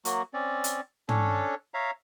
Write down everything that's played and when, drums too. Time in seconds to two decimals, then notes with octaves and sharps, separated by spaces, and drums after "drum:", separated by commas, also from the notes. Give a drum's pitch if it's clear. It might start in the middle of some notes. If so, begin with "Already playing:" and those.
0.05 F#3 A#3 F#4, drum: hi-hat
0.34 C4 C#4 D5
0.64 drum: hi-hat
1.09 C#4 D4 A4 C#5, drum: tom
1.74 C#5 E5 F5 A#5